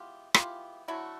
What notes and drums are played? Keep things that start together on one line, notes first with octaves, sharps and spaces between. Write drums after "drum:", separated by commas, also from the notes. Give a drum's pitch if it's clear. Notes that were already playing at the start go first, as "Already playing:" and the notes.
Already playing: E3 G#3 B3 F4 G4
E3 G#3 B3 F4 G4, drum: rim click
D3 F#3 A3 E4 F#4